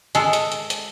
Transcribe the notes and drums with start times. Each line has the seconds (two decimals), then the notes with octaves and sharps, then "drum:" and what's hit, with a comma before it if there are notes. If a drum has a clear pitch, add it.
0.15 G#3 A4, drum: hi-hat
0.33 drum: hi-hat
0.52 drum: hi-hat
0.70 drum: hi-hat